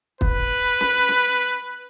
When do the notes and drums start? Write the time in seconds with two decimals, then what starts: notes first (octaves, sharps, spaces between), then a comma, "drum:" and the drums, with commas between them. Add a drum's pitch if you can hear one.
0.21 B4, drum: kick
0.81 drum: snare
1.09 drum: snare